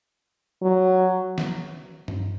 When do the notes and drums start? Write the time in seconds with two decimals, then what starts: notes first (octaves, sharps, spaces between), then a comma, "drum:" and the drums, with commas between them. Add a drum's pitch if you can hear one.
0.62 F#3
1.38 drum: snare
2.08 drum: tom G2